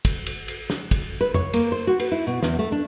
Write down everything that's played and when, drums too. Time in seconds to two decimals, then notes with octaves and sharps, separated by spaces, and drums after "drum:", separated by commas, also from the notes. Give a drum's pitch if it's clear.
0.05 drum: kick, cymbal
0.26 drum: cymbal
0.48 drum: cymbal
0.70 drum: snare
0.91 drum: kick, cymbal
1.21 B4
1.34 C#5, drum: tom F2
1.53 A#3, drum: cymbal
1.72 C5
1.87 F#4
1.99 B4, drum: cymbal
2.12 E4
2.27 B2
2.43 E2, drum: snare
2.59 A3
2.72 D4